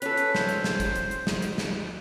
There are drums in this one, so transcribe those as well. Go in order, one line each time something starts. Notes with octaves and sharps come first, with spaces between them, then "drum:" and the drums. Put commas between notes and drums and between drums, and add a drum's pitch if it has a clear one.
C#4 A4 B4, drum: hi-hat
drum: hi-hat
C5, drum: snare
drum: hi-hat
drum: snare
drum: kick, hi-hat
drum: hi-hat
drum: hi-hat
drum: snare
drum: hi-hat
drum: snare